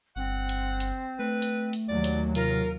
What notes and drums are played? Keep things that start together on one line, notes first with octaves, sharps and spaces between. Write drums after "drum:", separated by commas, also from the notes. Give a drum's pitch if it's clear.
G1 C4 F#5
drum: hi-hat
drum: hi-hat
A3 B4
drum: hi-hat
drum: hi-hat
D#2 F#3 D5
drum: hi-hat
C3 F4 A#4, drum: hi-hat